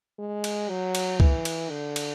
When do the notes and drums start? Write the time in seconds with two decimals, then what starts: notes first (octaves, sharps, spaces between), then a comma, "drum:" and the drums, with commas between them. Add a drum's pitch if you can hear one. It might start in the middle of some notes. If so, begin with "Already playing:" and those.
0.19 G#3
0.44 drum: cymbal
0.69 F#3
0.95 drum: cymbal
1.20 E3, drum: kick
1.45 drum: cymbal
1.70 D3
1.96 drum: cymbal